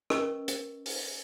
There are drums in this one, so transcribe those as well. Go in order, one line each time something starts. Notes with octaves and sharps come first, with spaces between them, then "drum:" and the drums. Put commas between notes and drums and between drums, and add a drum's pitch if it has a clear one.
C#4 A#4 B4 D#5 C#6 E6, drum: rim click
drum: hi-hat
drum: open hi-hat